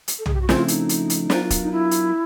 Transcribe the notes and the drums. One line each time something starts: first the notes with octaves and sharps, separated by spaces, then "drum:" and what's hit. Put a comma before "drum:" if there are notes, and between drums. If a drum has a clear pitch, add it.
drum: hi-hat
A4
G#4, drum: tom
G4
F#4
C#3 F3 A3 C4 E4 F4, drum: snare
D#4, drum: hi-hat
drum: hi-hat
drum: hi-hat
F#3 B3 D4 F4 A#4, drum: snare
drum: kick, hi-hat
D#4
E4
drum: hi-hat